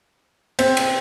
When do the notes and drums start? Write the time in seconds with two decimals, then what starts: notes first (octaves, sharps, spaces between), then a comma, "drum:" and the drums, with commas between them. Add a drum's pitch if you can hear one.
0.59 C4, drum: cymbal
0.77 drum: cymbal